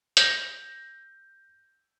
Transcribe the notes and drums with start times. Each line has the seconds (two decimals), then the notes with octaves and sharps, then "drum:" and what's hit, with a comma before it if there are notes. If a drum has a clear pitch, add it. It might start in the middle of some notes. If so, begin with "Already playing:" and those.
0.17 G6 A#6, drum: hi-hat